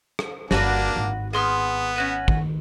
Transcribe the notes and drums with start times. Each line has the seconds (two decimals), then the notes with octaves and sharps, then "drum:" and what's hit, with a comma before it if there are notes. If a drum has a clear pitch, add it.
0.19 drum: rim click
0.51 G1 A#3 D4 F#4 B4, drum: snare
0.96 G#1
1.33 B3 G#4 C6 F6
1.96 C#4 F#4 B4
2.28 D#3, drum: kick